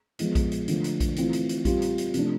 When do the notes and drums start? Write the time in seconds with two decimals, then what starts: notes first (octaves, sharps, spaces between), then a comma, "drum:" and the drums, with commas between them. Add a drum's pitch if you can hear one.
0.19 F3 G#3 B3, drum: hi-hat
0.35 drum: kick A#1, hi-hat
0.52 drum: hi-hat
0.68 D3 F3 A3, drum: hi-hat
0.84 drum: hi-hat
1.00 drum: kick A#1, hi-hat
1.16 E3 A3 C4 F4, drum: hi-hat
1.33 drum: hi-hat
1.49 drum: hi-hat
1.65 G3 C4 F4, drum: kick A#1, hi-hat
1.82 drum: hi-hat
1.98 drum: hi-hat
2.14 C3 F3 A3 D4, drum: hi-hat